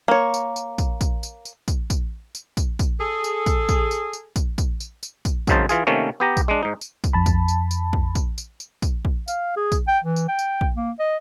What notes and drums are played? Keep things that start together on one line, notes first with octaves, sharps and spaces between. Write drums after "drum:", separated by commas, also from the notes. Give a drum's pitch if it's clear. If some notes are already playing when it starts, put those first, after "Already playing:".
A#3 C#5
drum: tambourine
drum: tambourine
drum: kick, tambourine
drum: kick, tambourine
drum: tambourine
drum: tambourine
drum: kick, tambourine
drum: kick, tambourine
drum: tambourine
drum: kick, tambourine
drum: kick, tambourine
G#4 A4
drum: tambourine
drum: kick, tambourine
drum: kick, tambourine
drum: tambourine
drum: tambourine
drum: kick, tambourine
drum: kick, tambourine
drum: tambourine
drum: tambourine
drum: kick, tambourine
G#1 F#2 C#3 D#4 C5 A5, drum: kick, tambourine
E3 F4 G#4, drum: tambourine
C3 D#3 A3 A#3 C#4
B3 G4 A#5
drum: kick, tambourine
G#3 D4
G#2 D#4
drum: tambourine
drum: kick, tambourine
F2 A5 B5
drum: kick, tambourine
drum: tambourine
drum: tambourine
drum: kick
drum: kick, tambourine
drum: tambourine
drum: tambourine
drum: kick, tambourine
drum: kick
F5, drum: tambourine
G#4
drum: kick, tambourine
G5
E3
drum: tambourine
G5
drum: tambourine
drum: kick
A#3
D#5